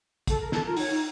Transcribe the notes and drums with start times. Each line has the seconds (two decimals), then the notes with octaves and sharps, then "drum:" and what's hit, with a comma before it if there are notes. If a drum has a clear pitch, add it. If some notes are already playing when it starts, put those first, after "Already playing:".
0.27 A4, drum: kick, hi-hat
0.39 A#4
0.52 A4, drum: snare
0.65 F4 A#4
0.77 D#4 C#5, drum: open hi-hat
0.90 D#4